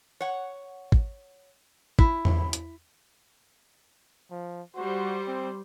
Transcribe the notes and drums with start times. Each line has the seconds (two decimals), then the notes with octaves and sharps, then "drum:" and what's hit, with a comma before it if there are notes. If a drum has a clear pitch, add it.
0.21 C#5 F#5
0.92 drum: kick
1.99 E4, drum: kick
2.25 drum: tom E2
2.53 drum: hi-hat
4.31 F3
4.76 G3 F#4 C5
5.27 C4